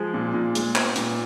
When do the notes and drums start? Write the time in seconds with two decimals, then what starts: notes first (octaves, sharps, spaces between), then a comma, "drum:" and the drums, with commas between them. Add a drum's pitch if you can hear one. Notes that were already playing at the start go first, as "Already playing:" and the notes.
Already playing: F3 G#3 G#4
0.14 A#2
0.34 A#2
0.55 G#3, drum: hi-hat
0.75 B3, drum: clap
0.96 A#2, drum: hi-hat